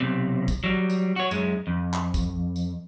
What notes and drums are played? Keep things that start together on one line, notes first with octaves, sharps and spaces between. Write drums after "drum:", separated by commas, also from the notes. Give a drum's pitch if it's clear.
B1 C3
drum: kick A#1, tambourine
F#3 G3
drum: tambourine
F#4 C#5
F#2 G#3, drum: tambourine
F2
drum: clap
drum: kick A#1, tambourine
drum: tambourine